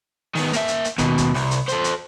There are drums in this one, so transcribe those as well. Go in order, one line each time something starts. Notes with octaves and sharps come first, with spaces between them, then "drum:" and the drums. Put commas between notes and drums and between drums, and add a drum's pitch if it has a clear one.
D#3 B3, drum: open hi-hat
A#3 E5, drum: hi-hat
drum: hi-hat
drum: hi-hat
D#2 B2, drum: kick, hi-hat
drum: kick, hi-hat
C2, drum: open hi-hat
drum: hi-hat
A4 C5, drum: hi-hat
drum: hi-hat